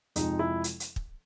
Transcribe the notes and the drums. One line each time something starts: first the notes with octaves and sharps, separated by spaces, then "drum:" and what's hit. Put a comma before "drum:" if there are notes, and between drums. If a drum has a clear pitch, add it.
F2 C3 F3 G#3 D#4, drum: hi-hat
E4
drum: hi-hat
drum: hi-hat
drum: kick